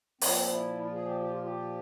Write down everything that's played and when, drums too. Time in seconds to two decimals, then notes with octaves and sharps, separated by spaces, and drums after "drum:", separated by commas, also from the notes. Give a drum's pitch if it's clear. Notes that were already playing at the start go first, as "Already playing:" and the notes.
0.21 A#2 F3 C4, drum: open hi-hat
0.50 E4
0.78 F4
0.92 G#4
1.06 G4
1.21 G4
1.32 F4
1.43 G4